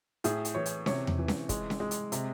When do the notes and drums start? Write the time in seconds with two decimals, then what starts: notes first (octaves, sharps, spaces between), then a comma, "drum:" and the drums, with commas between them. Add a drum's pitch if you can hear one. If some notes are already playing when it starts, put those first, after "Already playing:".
0.24 A2 G#4, drum: hi-hat
0.45 drum: hi-hat
0.55 E3 C#5
0.66 drum: hi-hat
0.86 C3 C#5, drum: snare C#4
1.07 drum: tom E2
1.18 E3
1.28 drum: snare C#4
1.49 G#3, drum: kick, hi-hat
1.70 drum: snare C#4
1.80 G#3
1.91 drum: hi-hat
2.12 C3, drum: hi-hat